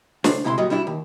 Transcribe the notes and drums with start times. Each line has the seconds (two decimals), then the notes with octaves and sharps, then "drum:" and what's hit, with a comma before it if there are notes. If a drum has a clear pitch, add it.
0.24 C#2 A2 D4 C5, drum: snare
0.44 C#2 C3 E4 A#5 C6
0.58 A#2 F#3 G3 F#4 D#5
0.70 G3 C#4 D4 E4 F#4
0.87 D#2